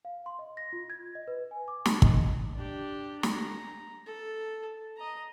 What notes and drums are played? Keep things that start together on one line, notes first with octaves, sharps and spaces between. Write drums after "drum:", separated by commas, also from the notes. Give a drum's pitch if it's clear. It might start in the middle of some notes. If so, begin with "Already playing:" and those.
F5
C6
D#5
A#6
F4
G#6
D#5
B4
G#5
D6
A5, drum: snare
D#5, drum: kick
D4 G4
A#5, drum: snare
A4
D#5 A#5